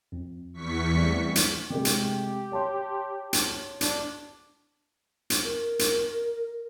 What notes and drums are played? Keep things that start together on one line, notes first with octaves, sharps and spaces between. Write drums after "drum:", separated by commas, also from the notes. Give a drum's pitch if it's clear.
F2
E2 C#6 B6
G3 A3 C4
drum: hi-hat
C3 G#3 A3 G4
drum: hi-hat
C#5 A5 C6
drum: hi-hat
D4, drum: hi-hat
drum: hi-hat
A#4
drum: hi-hat